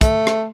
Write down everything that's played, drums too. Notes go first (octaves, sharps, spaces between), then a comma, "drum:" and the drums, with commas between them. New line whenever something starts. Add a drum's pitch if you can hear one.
A3, drum: kick, hi-hat
drum: rim click